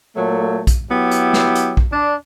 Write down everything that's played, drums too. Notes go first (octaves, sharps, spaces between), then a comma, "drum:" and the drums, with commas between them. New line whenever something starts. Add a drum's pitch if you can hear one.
A#2 F#3 A3
drum: kick A#1, hi-hat
F#3 B3 E4 G4
drum: hi-hat
drum: snare
drum: hi-hat
drum: kick A#1
D4